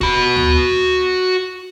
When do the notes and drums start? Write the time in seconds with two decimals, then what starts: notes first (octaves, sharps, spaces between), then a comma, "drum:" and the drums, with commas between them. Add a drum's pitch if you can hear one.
0.01 F#4 B5, drum: kick E1
0.36 drum: tom